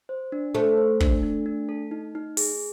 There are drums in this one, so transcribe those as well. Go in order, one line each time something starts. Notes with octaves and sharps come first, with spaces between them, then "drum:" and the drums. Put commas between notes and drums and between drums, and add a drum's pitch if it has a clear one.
C5
D4
A3 C5
C5
D4, drum: kick
D4
D4
A4
D#4
D#4
G#4, drum: open hi-hat